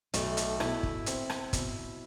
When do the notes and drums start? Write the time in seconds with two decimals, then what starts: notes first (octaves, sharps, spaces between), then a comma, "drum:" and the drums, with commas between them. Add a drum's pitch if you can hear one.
0.14 B1 A3, drum: hi-hat
0.37 drum: hi-hat
0.60 B2 E4, drum: rim click
0.83 drum: kick
1.06 C4, drum: hi-hat
1.30 drum: rim click
1.53 B2, drum: kick, hi-hat